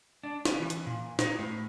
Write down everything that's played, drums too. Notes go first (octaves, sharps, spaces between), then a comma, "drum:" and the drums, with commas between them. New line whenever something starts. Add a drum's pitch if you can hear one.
D4
C#4, drum: snare
E3
drum: hi-hat
A#2
D#4, drum: snare
A2